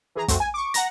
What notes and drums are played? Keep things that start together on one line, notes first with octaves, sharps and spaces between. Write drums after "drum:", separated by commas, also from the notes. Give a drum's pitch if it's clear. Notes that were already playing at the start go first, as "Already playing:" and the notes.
E3 G#4 A#5
F2 A3 C4 F#4, drum: kick, hi-hat
G#5
C#6 D6
F#5 A#5 A#6, drum: hi-hat